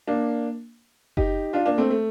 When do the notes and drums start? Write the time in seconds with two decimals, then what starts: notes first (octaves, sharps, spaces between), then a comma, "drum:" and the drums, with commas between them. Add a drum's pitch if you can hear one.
0.07 A#3 D4
1.17 D#4 G4, drum: kick F#1
1.53 D4 F4
1.66 A#3 D4
1.78 A3 C4
1.90 A3